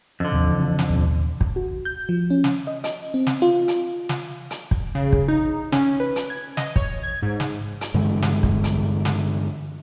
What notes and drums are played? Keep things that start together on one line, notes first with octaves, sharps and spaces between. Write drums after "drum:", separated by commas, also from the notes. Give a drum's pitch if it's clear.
F2 D3
A1 D#2 C3
C#3 E3
drum: snare
A1 D#2 B2
drum: kick
F#4
G6
F3
C#4
drum: snare
D#5
D#5, drum: hi-hat
C4
drum: snare
F4
drum: hi-hat
drum: snare
drum: hi-hat
drum: kick
C#3
drum: kick
D#4
C#4, drum: snare
B4
drum: hi-hat
G#6
D#5, drum: snare
C#5, drum: kick
G#6
G#2
drum: snare
drum: hi-hat
G2 D3 E3 G#3
drum: snare
drum: kick
drum: hi-hat
drum: snare